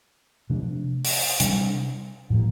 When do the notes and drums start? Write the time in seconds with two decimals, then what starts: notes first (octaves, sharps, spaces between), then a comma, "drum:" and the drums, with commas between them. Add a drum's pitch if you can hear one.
0.50 C3 F3 A3 D4
1.05 drum: open hi-hat
1.40 C3 G3 D4, drum: hi-hat
2.30 A2 F3 A#3